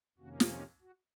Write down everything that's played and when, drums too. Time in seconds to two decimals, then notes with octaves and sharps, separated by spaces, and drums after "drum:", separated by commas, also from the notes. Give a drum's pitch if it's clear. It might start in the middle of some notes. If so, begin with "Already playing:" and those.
0.18 F2 C3 D#3 A#3 C#4 F#4
0.40 drum: snare
0.51 F4
0.82 F#4